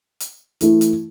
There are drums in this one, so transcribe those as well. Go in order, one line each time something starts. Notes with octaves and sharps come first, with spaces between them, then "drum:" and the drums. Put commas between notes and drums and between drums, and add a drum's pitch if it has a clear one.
drum: hi-hat
E3 A3 E4, drum: hi-hat
drum: hi-hat